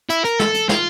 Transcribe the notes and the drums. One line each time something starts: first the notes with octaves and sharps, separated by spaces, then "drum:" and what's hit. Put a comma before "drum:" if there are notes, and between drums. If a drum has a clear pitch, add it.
E4, drum: hi-hat
A#4, drum: hi-hat
A4, drum: snare
drum: hi-hat
F4, drum: snare